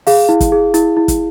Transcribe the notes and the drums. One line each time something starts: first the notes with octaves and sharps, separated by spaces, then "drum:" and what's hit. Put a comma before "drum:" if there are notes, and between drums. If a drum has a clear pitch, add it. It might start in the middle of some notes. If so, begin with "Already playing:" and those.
G#4 F5, drum: open hi-hat
E4
drum: kick, hi-hat
G#4
E4, drum: hi-hat
E4
drum: kick, hi-hat